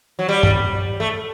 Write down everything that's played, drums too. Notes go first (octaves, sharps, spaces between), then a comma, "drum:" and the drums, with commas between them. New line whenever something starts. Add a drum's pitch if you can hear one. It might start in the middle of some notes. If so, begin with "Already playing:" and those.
F#3
G3
drum: tom G2
A3